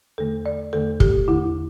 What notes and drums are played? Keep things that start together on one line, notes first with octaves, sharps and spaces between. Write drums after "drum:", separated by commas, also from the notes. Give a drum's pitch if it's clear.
E2 D3 A3 A4
D5
E2 D3 A3 A4
G4, drum: kick
E2 D3 A3 E4